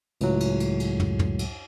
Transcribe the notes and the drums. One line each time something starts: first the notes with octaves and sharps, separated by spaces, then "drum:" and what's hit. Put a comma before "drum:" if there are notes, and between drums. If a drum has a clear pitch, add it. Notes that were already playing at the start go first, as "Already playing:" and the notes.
C#2 A2 F#3, drum: cymbal
drum: cymbal
drum: cymbal
drum: cymbal
drum: tom
drum: tom
drum: cymbal